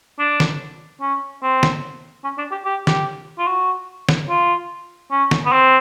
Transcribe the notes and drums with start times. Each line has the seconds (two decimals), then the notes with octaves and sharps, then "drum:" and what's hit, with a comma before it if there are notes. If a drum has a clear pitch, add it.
0.19 D4
0.40 drum: snare
1.02 C#4
1.42 C4
1.63 drum: snare
2.24 C#4
2.38 D4
2.51 G4
2.65 G4
2.87 G4, drum: snare
3.38 F4
3.47 F#4
4.09 drum: snare
4.29 F4
5.11 C#4
5.31 drum: snare
5.45 B3
5.52 C4